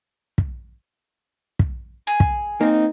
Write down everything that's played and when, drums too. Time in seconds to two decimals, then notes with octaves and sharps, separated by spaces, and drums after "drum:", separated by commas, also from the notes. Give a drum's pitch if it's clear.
0.38 drum: kick
1.59 drum: kick
2.07 G#4
2.20 drum: kick
2.61 A#3 C4 D#4